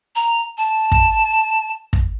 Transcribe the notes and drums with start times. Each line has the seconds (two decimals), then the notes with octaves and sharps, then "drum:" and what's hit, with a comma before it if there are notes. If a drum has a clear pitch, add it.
0.16 A#5
0.58 A5
0.92 drum: kick
1.93 drum: kick